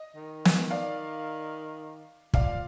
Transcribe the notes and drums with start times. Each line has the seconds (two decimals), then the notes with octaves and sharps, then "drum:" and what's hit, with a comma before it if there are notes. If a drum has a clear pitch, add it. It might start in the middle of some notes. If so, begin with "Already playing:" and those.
Already playing: D#5
0.16 D#3
0.45 drum: snare
0.71 D5 F5
2.34 F3 D5 F5, drum: kick